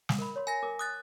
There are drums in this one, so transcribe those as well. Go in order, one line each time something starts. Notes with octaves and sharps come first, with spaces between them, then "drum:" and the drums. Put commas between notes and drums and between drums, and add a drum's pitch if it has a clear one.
drum: snare
A#4 B5
C#5 C6
A#4 G#5 A#6
A#4 D6
D#6 F#6 A6